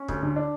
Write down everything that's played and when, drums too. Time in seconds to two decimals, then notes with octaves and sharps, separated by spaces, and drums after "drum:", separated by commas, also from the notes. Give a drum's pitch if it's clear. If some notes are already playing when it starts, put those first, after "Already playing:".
Already playing: C#4
0.08 D2, drum: kick
0.22 D3
0.36 D4